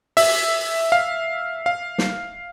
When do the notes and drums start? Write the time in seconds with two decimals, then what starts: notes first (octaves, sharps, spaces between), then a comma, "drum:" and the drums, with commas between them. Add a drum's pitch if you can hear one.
0.17 E5, drum: open hi-hat
0.92 F5
1.66 F5
1.98 drum: snare